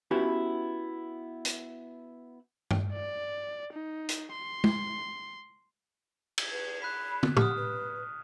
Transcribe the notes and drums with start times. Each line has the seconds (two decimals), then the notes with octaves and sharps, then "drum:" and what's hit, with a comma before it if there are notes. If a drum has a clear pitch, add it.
0.11 B3 C#4 E4 F#4 G4 B4
1.45 drum: hi-hat
2.71 drum: tom G2
2.92 D5
3.73 D#4
4.09 drum: hi-hat
4.32 C6
4.64 drum: tom
6.38 drum: cymbal
6.52 B4
6.82 B5 F#6 B6
7.23 drum: tom
7.37 G4 F#5 D#6 F6, drum: tom
7.57 B4